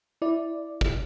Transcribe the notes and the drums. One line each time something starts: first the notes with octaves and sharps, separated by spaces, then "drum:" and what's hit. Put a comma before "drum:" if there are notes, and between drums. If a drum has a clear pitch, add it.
E4 D5
drum: kick